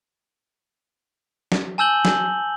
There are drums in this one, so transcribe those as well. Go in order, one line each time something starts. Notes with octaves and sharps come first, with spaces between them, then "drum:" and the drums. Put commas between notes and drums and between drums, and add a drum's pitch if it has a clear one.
drum: snare
G#5 A5 E6 G6 F#7 G7
drum: snare